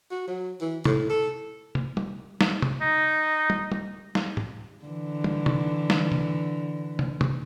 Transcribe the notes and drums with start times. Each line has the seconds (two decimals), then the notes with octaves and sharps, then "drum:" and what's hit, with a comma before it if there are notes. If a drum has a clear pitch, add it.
0.11 F#4
0.28 F#3
0.61 E3
0.85 A2, drum: tom C3
1.10 A4
1.75 drum: tom
1.97 drum: tom
2.41 drum: snare
2.62 drum: tom C3
2.81 D#4
3.50 drum: tom
3.72 drum: tom
4.15 drum: snare
4.37 drum: tom G#2
4.86 D3 E3
5.24 drum: tom
5.46 drum: tom C3
5.90 drum: snare
6.12 drum: tom
6.99 drum: tom
7.21 drum: tom C3